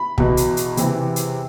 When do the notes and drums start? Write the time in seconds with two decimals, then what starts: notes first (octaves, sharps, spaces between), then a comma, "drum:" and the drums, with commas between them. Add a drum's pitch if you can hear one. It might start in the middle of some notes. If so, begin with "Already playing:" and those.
Already playing: B5
0.18 E2 B2, drum: kick
0.37 drum: hi-hat
0.57 drum: hi-hat
0.77 E2 C3 E3, drum: hi-hat
1.16 drum: hi-hat